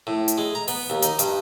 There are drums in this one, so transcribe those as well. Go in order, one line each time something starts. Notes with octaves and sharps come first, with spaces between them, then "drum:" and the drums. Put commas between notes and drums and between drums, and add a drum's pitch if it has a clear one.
A2
drum: hi-hat
G#3
A#5
B3, drum: open hi-hat
D#2
D#4, drum: hi-hat
G2, drum: hi-hat